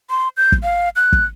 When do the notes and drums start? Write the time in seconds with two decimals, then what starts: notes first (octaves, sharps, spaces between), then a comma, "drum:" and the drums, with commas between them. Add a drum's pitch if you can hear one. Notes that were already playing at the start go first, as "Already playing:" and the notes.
0.10 C6
0.37 G6
0.52 drum: kick
0.63 F5
0.96 F#6
1.12 drum: kick